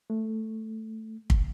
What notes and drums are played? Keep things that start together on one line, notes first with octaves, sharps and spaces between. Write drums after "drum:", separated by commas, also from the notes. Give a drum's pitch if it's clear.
A3
drum: kick